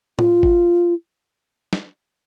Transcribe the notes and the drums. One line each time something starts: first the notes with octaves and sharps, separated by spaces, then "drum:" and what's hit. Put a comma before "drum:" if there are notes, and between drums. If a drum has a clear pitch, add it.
F4, drum: tom
drum: kick G#1
drum: snare